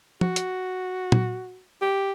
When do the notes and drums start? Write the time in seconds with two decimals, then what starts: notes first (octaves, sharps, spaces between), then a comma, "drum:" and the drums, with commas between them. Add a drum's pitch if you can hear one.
0.21 F#4, drum: tom
0.36 drum: hi-hat
1.12 drum: tom
1.82 G4